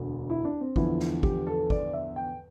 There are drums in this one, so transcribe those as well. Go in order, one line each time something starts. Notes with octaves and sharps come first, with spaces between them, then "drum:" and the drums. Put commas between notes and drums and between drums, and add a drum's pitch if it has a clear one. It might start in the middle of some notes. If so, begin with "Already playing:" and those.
Already playing: E1 D2 D3
E4
D4
C4
E2 D3 F3 E4, drum: kick
drum: snare
G4, drum: kick
A4
D5, drum: kick
E5
G5